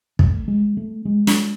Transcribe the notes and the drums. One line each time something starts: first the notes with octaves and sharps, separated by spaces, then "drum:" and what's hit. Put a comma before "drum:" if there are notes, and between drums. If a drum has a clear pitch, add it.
A3, drum: kick
G#3
A3
G#3
drum: snare